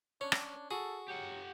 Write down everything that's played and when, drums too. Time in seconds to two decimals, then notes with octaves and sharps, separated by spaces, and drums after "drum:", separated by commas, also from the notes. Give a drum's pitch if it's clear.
0.21 C#4 D4 C#5
0.32 drum: rim click
0.71 F#4 G#4 A4
1.09 F#3 G4 F#5